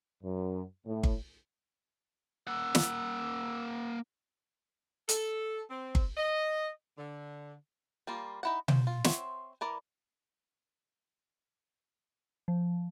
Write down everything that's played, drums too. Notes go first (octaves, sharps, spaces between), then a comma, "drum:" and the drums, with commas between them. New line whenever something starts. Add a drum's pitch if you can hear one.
F#2
A2
drum: kick G1
A#3 F#5 E6
drum: snare
A4, drum: hi-hat
C4
drum: kick G1
D#5
D3
G3 A#3 F4
D#4 E4 F#5
C5, drum: tom B2
F4
C4 C5 C#5 E5 F#5, drum: snare
E3 A#4 D5
F3